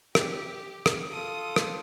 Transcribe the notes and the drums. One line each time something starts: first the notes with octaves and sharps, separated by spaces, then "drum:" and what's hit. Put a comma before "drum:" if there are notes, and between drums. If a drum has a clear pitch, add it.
G4, drum: rim click
drum: rim click
F4 A4 D#6
drum: rim click